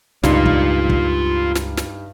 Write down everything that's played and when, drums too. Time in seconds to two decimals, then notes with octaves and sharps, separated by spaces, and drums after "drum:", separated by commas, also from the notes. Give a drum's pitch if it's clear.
0.23 C#2 G2 D#4 F4 D5, drum: snare
0.45 drum: kick
0.89 drum: kick
1.55 drum: snare
1.77 drum: snare